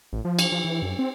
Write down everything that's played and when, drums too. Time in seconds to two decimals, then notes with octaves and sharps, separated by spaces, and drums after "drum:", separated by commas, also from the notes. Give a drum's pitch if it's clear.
0.13 A1
0.25 F3
0.39 drum: cymbal
0.52 F3
0.64 E3
0.82 F#2
0.99 C4